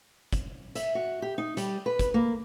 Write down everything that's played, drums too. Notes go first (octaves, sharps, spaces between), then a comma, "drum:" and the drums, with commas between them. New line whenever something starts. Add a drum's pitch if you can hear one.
drum: kick, hi-hat
E5, drum: hi-hat
F#4
G4
D#4
G3, drum: hi-hat
B4
drum: kick, hi-hat
A#3